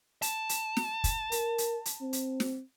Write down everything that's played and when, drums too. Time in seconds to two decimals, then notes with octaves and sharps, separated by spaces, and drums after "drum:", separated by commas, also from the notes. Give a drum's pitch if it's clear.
0.22 A5, drum: hi-hat
0.49 drum: hi-hat
0.77 drum: snare
1.04 drum: kick, hi-hat
1.32 A#4, drum: hi-hat
1.58 drum: hi-hat
1.85 drum: hi-hat
2.02 C4
2.13 drum: hi-hat
2.40 drum: snare